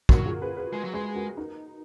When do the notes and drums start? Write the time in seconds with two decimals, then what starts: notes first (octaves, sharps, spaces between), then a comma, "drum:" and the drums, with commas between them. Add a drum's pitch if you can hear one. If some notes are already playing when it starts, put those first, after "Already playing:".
0.09 F#3 F#4 A#4, drum: kick
0.25 F4 G#4
0.41 G#4 B4
0.57 G#4 B4
0.73 G#3
0.84 F#3
0.94 G#3 G#4 B4
1.15 F#4 A#4
1.37 D#4